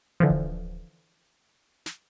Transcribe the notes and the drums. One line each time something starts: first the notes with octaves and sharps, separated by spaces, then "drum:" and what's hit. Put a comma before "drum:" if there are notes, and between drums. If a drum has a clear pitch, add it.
D3 E3 F3
drum: kick D1
drum: snare